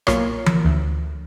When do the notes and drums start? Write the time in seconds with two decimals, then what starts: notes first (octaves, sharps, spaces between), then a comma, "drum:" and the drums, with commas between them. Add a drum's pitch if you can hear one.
0.07 B1 A#2 F4 A#4 C#5, drum: rim click
0.46 drum: tom E3
0.65 D2